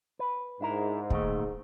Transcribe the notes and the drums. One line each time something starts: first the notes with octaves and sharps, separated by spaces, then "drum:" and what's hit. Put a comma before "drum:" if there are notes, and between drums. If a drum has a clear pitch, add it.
B4
G#2 D4 E4 A#4
A#2 D#3 A3, drum: kick